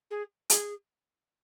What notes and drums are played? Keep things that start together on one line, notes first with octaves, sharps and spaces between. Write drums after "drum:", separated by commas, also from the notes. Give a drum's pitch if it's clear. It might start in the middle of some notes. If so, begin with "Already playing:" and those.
G#4
G#4, drum: hi-hat